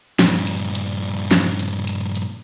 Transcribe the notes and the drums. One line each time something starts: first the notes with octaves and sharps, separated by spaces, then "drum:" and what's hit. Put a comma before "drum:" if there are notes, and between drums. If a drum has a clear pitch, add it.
G2 A#2, drum: snare
drum: hi-hat
drum: hi-hat
drum: snare
drum: hi-hat
drum: hi-hat
drum: hi-hat